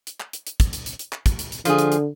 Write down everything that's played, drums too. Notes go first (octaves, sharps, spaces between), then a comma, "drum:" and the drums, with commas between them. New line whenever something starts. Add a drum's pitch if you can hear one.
drum: hi-hat
drum: clap
drum: hi-hat
drum: hi-hat
drum: kick, hi-hat
drum: hi-hat
drum: hi-hat
drum: hi-hat
drum: clap
drum: kick, hi-hat
drum: hi-hat
drum: hi-hat
D3 F3 G#4, drum: hi-hat
drum: hi-hat
drum: hi-hat